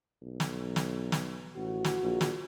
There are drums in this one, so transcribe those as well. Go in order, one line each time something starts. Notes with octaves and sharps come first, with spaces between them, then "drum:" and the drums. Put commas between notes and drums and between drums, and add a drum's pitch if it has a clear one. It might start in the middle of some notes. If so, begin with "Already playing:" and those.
B1
drum: snare
drum: snare
drum: snare
A1 F#4
drum: snare
A#1
drum: snare